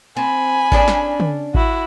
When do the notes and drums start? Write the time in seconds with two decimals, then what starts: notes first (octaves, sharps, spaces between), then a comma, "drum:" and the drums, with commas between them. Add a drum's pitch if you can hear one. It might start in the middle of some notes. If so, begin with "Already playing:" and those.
0.17 C4 G#5 B5
0.72 C#4 D4 G#4, drum: kick G#1
0.88 drum: snare
1.20 drum: tom
1.54 E4 F#4, drum: kick G#1